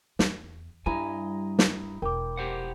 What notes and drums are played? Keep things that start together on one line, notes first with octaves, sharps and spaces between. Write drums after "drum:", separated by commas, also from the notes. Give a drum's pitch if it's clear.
E2, drum: snare
G2 G3 E4 D#5 G#5 A#5
drum: snare
E1 A#4 G5 D6
G4 C5 F#5